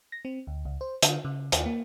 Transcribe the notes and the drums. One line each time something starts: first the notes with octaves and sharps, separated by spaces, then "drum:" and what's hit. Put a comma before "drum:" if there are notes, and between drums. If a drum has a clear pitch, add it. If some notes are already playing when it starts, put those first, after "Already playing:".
A#6
C4
D2
C#2
C5
D3, drum: hi-hat
C#3
D#2, drum: hi-hat
A#3